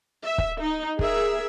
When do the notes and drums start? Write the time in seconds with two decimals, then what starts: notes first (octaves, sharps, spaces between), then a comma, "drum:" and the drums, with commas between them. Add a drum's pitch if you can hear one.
0.24 E5
0.38 drum: kick
0.60 D#4
0.99 G#4 A#4 E5, drum: kick